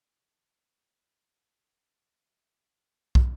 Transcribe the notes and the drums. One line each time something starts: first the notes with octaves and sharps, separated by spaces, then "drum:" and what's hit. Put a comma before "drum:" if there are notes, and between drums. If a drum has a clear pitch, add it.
A5
B4
B5
E5
F5
drum: kick